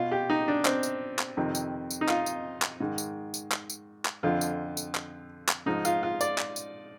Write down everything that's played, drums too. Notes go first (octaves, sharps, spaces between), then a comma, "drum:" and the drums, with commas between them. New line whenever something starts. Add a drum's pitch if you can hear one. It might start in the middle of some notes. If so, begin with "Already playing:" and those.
Already playing: B2 F4
G4
D#4
D4
C4, drum: clap
drum: tambourine
drum: clap
F2 C3 D#3
drum: tambourine
drum: tambourine
D#4
F4, drum: clap
drum: tambourine
drum: clap
G#2 D#3
drum: tambourine
drum: tambourine
drum: clap
drum: tambourine
drum: clap
F2 D3 F3 F4
drum: tambourine
drum: tambourine
drum: clap
drum: clap
G#2 F3 D#4
F4, drum: tambourine
F4
D5, drum: tambourine
drum: clap
drum: tambourine